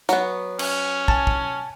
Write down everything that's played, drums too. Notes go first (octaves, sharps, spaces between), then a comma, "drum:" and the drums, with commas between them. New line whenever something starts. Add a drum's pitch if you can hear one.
F#3 B3, drum: hi-hat
C#4, drum: cymbal
G#5 A5, drum: kick
drum: kick